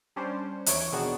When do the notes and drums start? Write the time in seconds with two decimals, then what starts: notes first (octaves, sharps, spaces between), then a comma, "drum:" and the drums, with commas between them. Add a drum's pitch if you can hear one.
0.16 G3 C#4 D4 C5
0.66 D#2 E3 C#5 D7, drum: hi-hat
0.92 B2 D#3 G#3 B3 D4 F#4